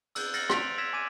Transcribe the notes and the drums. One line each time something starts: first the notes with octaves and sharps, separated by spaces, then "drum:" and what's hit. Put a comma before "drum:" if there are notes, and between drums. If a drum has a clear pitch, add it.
E6 F#6 G6 G7, drum: cymbal
F6 A6 A#6 C#7 F#7, drum: cymbal
C6 A6 B6 D7 F7, drum: rim click
E6 G#6 A#6 B6 E7
G#5 D6 G#6 D#7